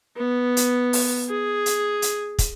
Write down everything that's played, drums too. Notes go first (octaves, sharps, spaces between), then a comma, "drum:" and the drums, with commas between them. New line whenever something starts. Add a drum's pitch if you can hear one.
B3
drum: hi-hat
drum: open hi-hat
G#4
drum: hi-hat
drum: hi-hat
drum: kick, hi-hat